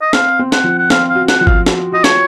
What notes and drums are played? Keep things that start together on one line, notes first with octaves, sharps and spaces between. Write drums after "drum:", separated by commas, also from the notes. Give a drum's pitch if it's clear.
D#5
C4 F5, drum: snare
C4
F#5, drum: snare
F3
F#5
C4 F5, drum: snare
F5
F#4
F#5, drum: snare
F3 F#5
F5, drum: kick
F#4, drum: snare
F#4 D#5
C#5, drum: snare